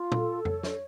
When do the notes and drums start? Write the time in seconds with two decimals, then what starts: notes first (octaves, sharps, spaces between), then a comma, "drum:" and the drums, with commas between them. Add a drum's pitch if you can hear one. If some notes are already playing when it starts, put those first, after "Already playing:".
Already playing: F4
0.12 A4, drum: tom A#2
0.45 C#5, drum: tom F2
0.63 drum: snare